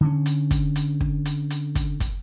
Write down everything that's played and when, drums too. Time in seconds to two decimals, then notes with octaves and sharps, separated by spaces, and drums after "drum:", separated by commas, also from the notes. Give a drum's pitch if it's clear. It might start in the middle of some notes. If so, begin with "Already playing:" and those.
0.01 D3 C#4
0.26 drum: hi-hat
0.51 drum: kick, hi-hat
0.76 drum: hi-hat
1.00 drum: kick
1.25 drum: hi-hat
1.50 drum: hi-hat
1.75 drum: kick, hi-hat
2.00 drum: kick, hi-hat